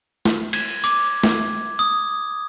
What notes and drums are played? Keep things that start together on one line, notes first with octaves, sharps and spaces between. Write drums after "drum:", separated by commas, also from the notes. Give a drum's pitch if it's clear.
drum: snare
G#6, drum: cymbal
D6, drum: hi-hat
drum: snare
D#6